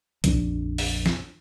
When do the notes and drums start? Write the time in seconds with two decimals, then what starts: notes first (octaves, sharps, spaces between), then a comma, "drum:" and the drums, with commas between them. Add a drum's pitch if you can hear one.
0.24 A#1 F2 C4 D4, drum: kick, hi-hat
0.78 drum: open hi-hat
1.06 drum: snare